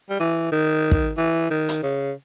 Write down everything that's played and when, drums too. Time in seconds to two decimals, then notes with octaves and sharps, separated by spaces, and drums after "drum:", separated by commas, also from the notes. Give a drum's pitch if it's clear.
0.10 G3
0.19 E3
0.52 D#3
0.91 drum: kick
1.17 E3
1.50 D#3
1.69 drum: hi-hat
1.83 C#3